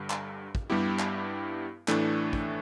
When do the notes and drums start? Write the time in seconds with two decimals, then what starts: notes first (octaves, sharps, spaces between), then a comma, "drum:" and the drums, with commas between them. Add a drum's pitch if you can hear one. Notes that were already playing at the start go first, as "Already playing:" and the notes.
Already playing: G2 D3 G3
0.10 drum: clap
0.55 drum: kick
0.70 G2 G3 B3 E4 G4
0.99 drum: clap
1.88 A2 E3 A3 D4, drum: clap
2.33 drum: kick